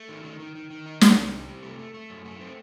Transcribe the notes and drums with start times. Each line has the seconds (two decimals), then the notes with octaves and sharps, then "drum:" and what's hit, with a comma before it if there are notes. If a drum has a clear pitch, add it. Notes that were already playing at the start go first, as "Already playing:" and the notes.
Already playing: A3
0.09 D#3
0.24 D#3
0.40 D#3
0.55 D#3
0.70 D#3
0.86 D#4
1.01 D#4, drum: snare
1.17 C3
1.32 G3
1.48 C3
1.63 A3
1.79 A3
1.94 A3
2.10 F#2
2.25 A3
2.41 C4